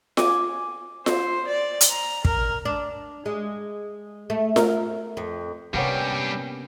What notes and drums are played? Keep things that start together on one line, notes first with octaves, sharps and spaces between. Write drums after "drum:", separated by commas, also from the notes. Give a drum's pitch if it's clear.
G#5 D6, drum: snare F4
C5, drum: snare F4
D5
drum: hi-hat
A#5
A#4, drum: kick
D4
G#3
A3
A#4, drum: snare F4
F2
C3 G3 A#3 B3 C#4 D4 G5 G#5